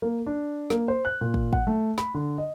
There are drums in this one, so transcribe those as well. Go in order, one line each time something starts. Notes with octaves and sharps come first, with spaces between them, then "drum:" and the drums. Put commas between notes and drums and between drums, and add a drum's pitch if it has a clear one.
A#3
D4
A#3, drum: snare
C5
F#6
A#2
drum: kick
F#5, drum: kick
A3
B5, drum: snare
D3
D#5